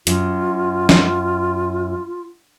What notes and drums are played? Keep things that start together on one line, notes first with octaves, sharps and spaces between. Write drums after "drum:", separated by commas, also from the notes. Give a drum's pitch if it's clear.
F#2 F4, drum: hi-hat
drum: snare C#4